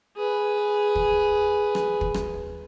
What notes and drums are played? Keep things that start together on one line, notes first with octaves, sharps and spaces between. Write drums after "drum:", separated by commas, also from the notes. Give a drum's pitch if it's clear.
G#4 B4
drum: kick
drum: rim click
drum: kick
drum: rim click